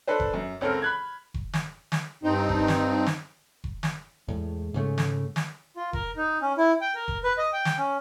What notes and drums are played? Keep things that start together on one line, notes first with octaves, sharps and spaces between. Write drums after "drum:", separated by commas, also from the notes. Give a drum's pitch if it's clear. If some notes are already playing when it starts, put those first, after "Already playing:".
D4 A4 B4 C5
drum: kick F1
F#2
C#2 C4 A4 A#4 F6
B5 F#6 G#6
drum: kick F1
drum: snare
drum: snare
G2 C4 D#4
drum: kick F1
drum: snare
drum: snare
drum: kick F1
drum: snare
E2 A2 G#3
G#2 C#3 A3
drum: snare
drum: snare
F4
A#4, drum: kick F1
D#4
C#4
E4
G5
A#4
drum: kick F1
B4
D#5
G5
drum: snare
C#4